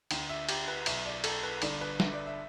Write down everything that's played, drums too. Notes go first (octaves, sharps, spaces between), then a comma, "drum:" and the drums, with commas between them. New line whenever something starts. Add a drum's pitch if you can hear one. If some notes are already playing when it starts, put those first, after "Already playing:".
D2 D3 G5, drum: cymbal
E5
G4, drum: cymbal
B4
B1 B2 E5, drum: cymbal
D5
A4, drum: cymbal
B4
G1 G2 D3 D5, drum: cymbal
B4
E5, drum: snare
D5
E5